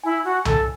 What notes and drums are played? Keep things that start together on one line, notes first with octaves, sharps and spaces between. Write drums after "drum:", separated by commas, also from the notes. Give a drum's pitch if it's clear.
E4 G#5
F#4
A4, drum: tom C2